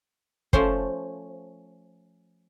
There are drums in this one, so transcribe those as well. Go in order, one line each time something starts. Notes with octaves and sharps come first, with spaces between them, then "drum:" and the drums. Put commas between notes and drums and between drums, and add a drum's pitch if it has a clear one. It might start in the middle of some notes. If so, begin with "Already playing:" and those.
F3 A3 C#4 C5, drum: kick